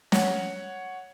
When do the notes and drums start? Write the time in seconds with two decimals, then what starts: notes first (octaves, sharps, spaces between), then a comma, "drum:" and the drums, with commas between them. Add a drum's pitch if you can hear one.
0.12 C#5 F#5, drum: snare